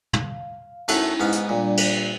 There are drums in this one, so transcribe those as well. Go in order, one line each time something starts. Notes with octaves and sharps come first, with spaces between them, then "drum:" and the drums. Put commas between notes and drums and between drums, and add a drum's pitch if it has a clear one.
F5, drum: tom
F#2 A3 C#4 D#4 E4 F#5, drum: cymbal
G#2 B3 F5
drum: hi-hat
A#2 G3 D4 D5
drum: cymbal